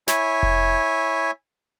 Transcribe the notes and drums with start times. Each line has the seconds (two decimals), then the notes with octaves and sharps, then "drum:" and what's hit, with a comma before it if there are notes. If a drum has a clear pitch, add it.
0.08 E4 C#5 E5 G#5, drum: snare
0.43 drum: kick F1